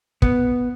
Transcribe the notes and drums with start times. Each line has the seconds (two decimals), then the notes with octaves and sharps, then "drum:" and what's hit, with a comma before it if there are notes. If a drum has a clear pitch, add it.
0.22 B3, drum: kick